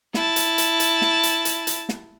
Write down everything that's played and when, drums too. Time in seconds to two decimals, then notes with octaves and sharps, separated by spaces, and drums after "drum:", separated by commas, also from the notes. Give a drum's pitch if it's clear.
0.14 E4 A5, drum: snare
0.36 drum: hi-hat
0.58 drum: hi-hat
0.80 drum: hi-hat
1.02 drum: snare
1.23 drum: hi-hat
1.45 drum: hi-hat
1.67 drum: hi-hat
1.89 drum: snare